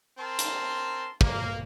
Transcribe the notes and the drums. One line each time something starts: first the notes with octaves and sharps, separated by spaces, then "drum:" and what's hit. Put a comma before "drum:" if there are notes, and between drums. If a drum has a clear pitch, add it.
C4 A#4 A5 C6
drum: hi-hat
A#3, drum: kick